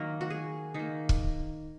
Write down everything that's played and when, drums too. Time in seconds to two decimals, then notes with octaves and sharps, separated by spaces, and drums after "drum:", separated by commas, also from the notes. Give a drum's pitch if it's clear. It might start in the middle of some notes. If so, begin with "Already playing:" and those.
Already playing: D#3 F#3 A#3 A#4
0.21 F#4
0.30 G#4
0.74 D#3 A#3 D#4
1.09 drum: kick